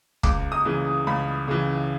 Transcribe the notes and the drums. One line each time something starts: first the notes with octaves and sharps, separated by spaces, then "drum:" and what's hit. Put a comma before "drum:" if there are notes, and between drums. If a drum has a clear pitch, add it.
C#2 D6, drum: kick
D#6
C#3 E3
C#2 B5
C#3 E3